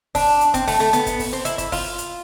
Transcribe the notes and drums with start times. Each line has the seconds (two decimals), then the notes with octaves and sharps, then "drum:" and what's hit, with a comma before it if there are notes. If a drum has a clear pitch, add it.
0.15 D4, drum: kick, open hi-hat
0.41 drum: hi-hat
0.54 C4, drum: kick, hi-hat
0.68 A3, drum: kick, open hi-hat
0.80 A3
0.93 B3, drum: hi-hat
1.06 drum: kick, hi-hat
1.19 drum: kick, open hi-hat
1.33 C4
1.45 E4, drum: hi-hat
1.58 E4, drum: kick, hi-hat
1.72 F4, drum: kick, open hi-hat
1.98 drum: hi-hat